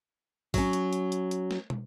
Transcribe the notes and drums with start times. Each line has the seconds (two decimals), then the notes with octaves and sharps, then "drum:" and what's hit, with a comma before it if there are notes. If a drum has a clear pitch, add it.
0.54 F#3 C#4, drum: kick A1, open hi-hat
0.73 drum: hi-hat
0.93 drum: hi-hat
1.12 drum: hi-hat
1.31 drum: hi-hat
1.51 drum: snare
1.70 drum: tom